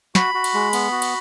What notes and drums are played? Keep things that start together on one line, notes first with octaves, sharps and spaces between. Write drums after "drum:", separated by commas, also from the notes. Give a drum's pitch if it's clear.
F#4 B5, drum: snare
F#4
drum: cymbal
G#3
B3, drum: cymbal
F#4
drum: cymbal